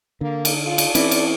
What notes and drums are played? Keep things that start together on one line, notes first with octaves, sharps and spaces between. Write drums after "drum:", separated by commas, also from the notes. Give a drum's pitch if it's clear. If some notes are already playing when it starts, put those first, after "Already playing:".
D3 A#3
drum: cymbal
F4
drum: cymbal
E3 C4 C#4 D5, drum: cymbal
drum: cymbal